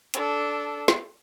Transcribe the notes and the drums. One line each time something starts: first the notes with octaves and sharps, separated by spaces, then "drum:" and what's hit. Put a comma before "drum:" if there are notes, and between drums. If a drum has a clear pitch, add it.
D4 A4, drum: hi-hat
drum: snare